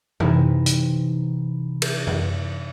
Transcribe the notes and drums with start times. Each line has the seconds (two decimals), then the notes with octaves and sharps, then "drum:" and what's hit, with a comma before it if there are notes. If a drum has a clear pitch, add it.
0.20 C3 E3 D#4 E4, drum: tom F#2
0.66 drum: hi-hat
1.82 drum: cymbal
2.07 drum: tom F#2